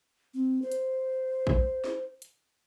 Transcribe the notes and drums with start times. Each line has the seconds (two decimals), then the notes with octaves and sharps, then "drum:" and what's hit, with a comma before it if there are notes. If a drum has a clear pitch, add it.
0.34 C4
0.62 C5
0.72 drum: hi-hat
1.47 drum: kick
1.84 drum: snare
2.22 drum: hi-hat